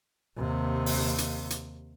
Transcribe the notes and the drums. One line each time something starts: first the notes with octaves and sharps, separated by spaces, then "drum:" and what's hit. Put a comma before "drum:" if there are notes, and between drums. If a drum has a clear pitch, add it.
D#2 C3
drum: open hi-hat
drum: hi-hat
drum: hi-hat